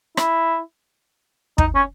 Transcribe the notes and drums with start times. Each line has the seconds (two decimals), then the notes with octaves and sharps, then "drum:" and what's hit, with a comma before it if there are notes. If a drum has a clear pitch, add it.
0.17 E4, drum: rim click
1.58 D#4, drum: kick
1.75 C#4